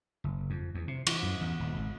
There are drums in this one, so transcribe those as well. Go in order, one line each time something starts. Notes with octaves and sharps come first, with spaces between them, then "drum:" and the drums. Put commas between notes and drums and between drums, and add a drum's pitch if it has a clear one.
F#1
F2
E2
C3
E3, drum: cymbal
F#2
E2
D#1
G#1